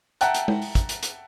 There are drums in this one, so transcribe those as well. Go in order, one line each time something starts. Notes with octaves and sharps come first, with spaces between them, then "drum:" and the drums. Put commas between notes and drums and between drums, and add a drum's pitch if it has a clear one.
E5 F#5 G5 A5 A#5 F#6, drum: hi-hat
drum: hi-hat
drum: tom G#3
drum: open hi-hat
drum: kick, hi-hat
drum: hi-hat
drum: hi-hat